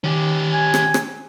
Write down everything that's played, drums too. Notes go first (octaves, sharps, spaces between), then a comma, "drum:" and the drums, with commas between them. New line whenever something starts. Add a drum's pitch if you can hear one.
D#3 C#4 G4
G#5
drum: rim click
drum: rim click